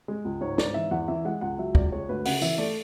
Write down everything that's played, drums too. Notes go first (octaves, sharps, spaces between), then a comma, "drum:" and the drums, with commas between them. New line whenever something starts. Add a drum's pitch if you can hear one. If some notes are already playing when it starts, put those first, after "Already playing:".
G#3
C#2
G#2 C#5
G#2 D5, drum: snare
E3 E5
E2 F#5
E3 E5
G#3 F#5
C#2 F#5
F#3 E5
C#2 D5, drum: kick
G#3 C#5
D2 B4
C#3 F#5, drum: open hi-hat
E3 E5, drum: tambourine
A3 D5